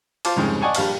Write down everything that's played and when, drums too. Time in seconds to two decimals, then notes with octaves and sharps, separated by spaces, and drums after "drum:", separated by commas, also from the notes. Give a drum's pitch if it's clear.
0.25 F4 C5 F5 A5 D6, drum: cymbal
0.36 C2 F2 G#2 C#3
0.62 D5 D#5 F#5 G#5 A5 C#6
0.75 A#1 G2 G3 F5 A5, drum: cymbal